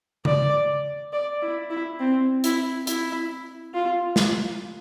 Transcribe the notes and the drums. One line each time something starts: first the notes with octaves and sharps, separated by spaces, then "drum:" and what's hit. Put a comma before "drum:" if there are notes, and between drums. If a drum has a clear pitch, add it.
D5, drum: tom C#3
D5
E4
E4
C4
E4, drum: hi-hat
E4, drum: hi-hat
F4
drum: snare